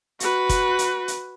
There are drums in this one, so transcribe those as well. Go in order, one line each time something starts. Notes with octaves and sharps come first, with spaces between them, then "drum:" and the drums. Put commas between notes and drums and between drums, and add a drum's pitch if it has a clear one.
F#4 B4, drum: hi-hat
drum: kick, hi-hat
drum: hi-hat
drum: hi-hat